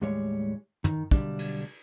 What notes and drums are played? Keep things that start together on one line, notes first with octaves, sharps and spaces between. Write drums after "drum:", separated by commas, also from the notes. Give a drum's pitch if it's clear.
D#2 A2 G3 G#3 C#5
D#3, drum: tom
B1 D3 G3 D4, drum: kick
drum: cymbal